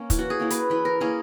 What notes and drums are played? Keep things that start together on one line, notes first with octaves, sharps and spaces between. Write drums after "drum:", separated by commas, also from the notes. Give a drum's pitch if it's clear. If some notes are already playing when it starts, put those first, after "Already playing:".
Already playing: A#3 C#4
E3, drum: kick, hi-hat
F#4
G#4
A#3 C#4 E4
B4, drum: hi-hat
E3 B4
A#4
A#3 C#4 E4 G#4